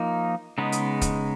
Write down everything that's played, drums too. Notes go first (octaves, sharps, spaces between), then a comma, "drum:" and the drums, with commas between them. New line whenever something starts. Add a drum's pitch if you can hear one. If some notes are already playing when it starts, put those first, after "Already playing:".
Already playing: F3 A#3 D#4
C#3 G#3 B3 D#4
drum: hi-hat
drum: kick, hi-hat